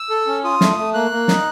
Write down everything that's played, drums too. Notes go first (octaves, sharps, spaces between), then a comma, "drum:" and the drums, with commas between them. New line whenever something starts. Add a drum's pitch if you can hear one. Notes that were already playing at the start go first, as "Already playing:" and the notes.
Already playing: E6
A4
C#4
F4 D#6
A3, drum: snare
A3
A#3 F#6
A#3
D#4, drum: snare